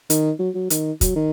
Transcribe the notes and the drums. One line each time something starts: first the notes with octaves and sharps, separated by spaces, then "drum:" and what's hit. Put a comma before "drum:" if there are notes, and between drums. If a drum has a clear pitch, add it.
D#3, drum: hi-hat
F#3
F#3
D#3, drum: hi-hat
F#3, drum: kick, hi-hat
D#3